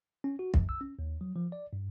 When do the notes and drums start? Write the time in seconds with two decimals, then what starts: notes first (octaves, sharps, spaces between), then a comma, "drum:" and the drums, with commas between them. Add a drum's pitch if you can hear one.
0.24 C#4
0.39 F#4
0.54 F#2, drum: kick
0.69 E6
0.81 C#4
0.99 D#2
1.21 F#3
1.36 F3
1.52 D5
1.73 G2